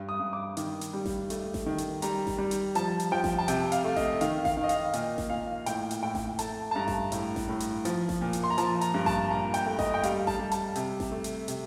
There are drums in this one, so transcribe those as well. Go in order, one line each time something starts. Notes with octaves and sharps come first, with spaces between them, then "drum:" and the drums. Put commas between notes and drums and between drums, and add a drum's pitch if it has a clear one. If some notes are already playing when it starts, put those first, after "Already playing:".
Already playing: G2
D#6
G2
D6
D#3, drum: hi-hat
drum: hi-hat
G3
drum: snare A1
A3, drum: hi-hat
drum: snare A1
D#3
drum: hi-hat
G3 A#5, drum: hi-hat
drum: snare A1
G3
drum: hi-hat
F3 A5, drum: hi-hat
drum: hi-hat
F3 G5
drum: snare A1
A5
C3 G5, drum: hi-hat
F5, drum: hi-hat
A3
D#5, drum: snare A1
D#3 F5, drum: hi-hat
F5, drum: snare A1
D#3
D#5
F5, drum: hi-hat
A#2 D#5, drum: hi-hat
drum: snare A1
A#2 F5
A2 G5, drum: hi-hat
drum: hi-hat
A2 G5
drum: snare A1
A3 A5, drum: hi-hat
A5
G2 A#5
drum: snare A1
A2, drum: hi-hat
drum: snare A1
A2
drum: hi-hat
F3, drum: hi-hat
drum: snare A1
A#2
drum: hi-hat
C6
A#5
F3 A5, drum: hi-hat
A#5, drum: hi-hat
G2
A5, drum: snare A1
A#2 A#5
G5, drum: hi-hat
A3
D#5, drum: snare A1
G5
G3 F5, drum: hi-hat
A5, drum: snare A1
G3
A5, drum: hi-hat
C3, drum: hi-hat
drum: snare A1
A3
drum: hi-hat
C3, drum: hi-hat